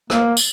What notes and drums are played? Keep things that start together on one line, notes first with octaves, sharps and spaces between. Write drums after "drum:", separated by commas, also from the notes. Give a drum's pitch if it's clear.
A#3, drum: rim click
drum: tambourine